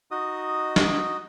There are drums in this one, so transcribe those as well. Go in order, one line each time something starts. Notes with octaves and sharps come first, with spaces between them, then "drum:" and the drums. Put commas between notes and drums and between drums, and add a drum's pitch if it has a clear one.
D#4 F#4 D#5 D#6
drum: snare